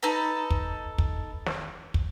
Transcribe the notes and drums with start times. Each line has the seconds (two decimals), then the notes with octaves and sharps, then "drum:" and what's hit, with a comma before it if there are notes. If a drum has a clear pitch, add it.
0.03 D#4 A4 B4 A#5
0.50 drum: kick
0.98 drum: kick
1.46 drum: snare
1.94 drum: kick